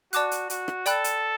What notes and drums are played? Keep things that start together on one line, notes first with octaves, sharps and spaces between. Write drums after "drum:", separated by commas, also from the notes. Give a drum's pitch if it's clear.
F#4 D5 A5 D6 F#6, drum: hi-hat
drum: hi-hat
F#4, drum: hi-hat
drum: rim click
A4 D5 G5 B5 F#6, drum: hi-hat
drum: hi-hat